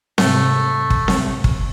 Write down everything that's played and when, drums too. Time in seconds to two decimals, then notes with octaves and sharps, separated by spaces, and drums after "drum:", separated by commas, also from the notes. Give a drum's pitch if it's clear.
0.18 G#2 C3 A3, drum: snare C4
0.90 drum: kick
1.08 drum: snare C4
1.44 drum: kick